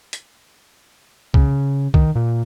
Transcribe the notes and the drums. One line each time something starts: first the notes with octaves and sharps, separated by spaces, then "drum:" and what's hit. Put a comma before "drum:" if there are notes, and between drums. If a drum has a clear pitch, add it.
drum: hi-hat
C#3, drum: kick
D#3, drum: kick
A#2